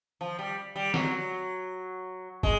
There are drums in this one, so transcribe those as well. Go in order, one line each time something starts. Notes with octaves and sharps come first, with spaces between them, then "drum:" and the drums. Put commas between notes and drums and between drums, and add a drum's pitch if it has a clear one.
F3
G3
G3
F#3, drum: snare
G#3, drum: kick